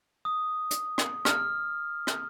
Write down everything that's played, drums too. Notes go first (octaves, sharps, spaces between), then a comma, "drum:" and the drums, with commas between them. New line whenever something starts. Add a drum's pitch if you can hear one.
D#6
drum: hi-hat
drum: rim click
F6, drum: rim click
drum: rim click